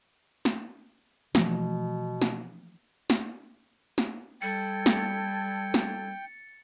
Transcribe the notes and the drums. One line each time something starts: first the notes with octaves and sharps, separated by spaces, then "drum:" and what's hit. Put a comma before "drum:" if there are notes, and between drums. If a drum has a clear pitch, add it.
drum: snare
B2 E3 F3 A3, drum: snare
drum: snare
drum: snare
drum: snare
G3 A4 G5 G#6 A6 C#7
drum: snare
drum: snare